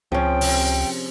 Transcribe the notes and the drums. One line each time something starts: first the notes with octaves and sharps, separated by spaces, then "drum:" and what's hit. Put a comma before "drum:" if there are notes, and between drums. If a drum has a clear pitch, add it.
C#2 F3 C4 C#4 G#4 G5
C3, drum: open hi-hat